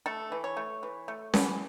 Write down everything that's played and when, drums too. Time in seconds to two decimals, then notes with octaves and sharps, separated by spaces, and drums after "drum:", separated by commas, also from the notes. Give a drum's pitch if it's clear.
0.06 A3 A4
0.32 E3
0.44 C#5
0.57 A3
0.83 E3
1.08 A3
1.34 E3, drum: snare C#4